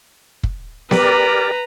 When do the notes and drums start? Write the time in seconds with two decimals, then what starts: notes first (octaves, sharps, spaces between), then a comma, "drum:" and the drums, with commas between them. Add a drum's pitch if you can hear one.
0.43 drum: kick
0.91 G4 A#4 B4 D5 A#5, drum: snare B3